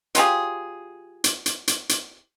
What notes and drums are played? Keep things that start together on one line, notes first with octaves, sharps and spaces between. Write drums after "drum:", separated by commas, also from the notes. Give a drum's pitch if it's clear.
F#3 F4 G4 G#4, drum: hi-hat
drum: hi-hat
drum: hi-hat
drum: hi-hat
drum: hi-hat